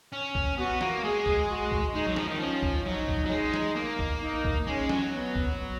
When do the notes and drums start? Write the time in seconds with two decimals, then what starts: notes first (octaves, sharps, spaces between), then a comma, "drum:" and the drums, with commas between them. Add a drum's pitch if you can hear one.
0.13 C#4
0.35 drum: kick A#1
0.57 B3 F#4
0.81 A#3, drum: snare
1.03 G#3 G#4
1.26 drum: kick A#1
1.49 F#4
1.71 drum: kick A#1
1.94 G#3 D#4
2.06 F#3
2.16 F3, drum: snare
2.28 D#3
2.40 F3 C#4
2.63 drum: kick A#1
2.85 F#3 D#4
3.08 drum: kick A#1
3.26 F#3
3.30 G#3
3.54 drum: snare
3.76 A#3
3.99 drum: kick A#1
4.21 D#4
4.45 drum: kick A#1
4.67 G#3 C#4
4.89 F#3, drum: snare
5.13 B3
5.36 drum: kick A#1